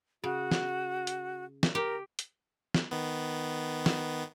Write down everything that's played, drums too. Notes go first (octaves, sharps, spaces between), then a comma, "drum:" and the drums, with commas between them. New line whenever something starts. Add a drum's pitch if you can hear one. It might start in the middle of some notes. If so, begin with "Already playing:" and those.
C#3 F#4
drum: snare
drum: hi-hat
drum: snare
G4 A#4
drum: hi-hat
drum: snare
D#3 B3
drum: snare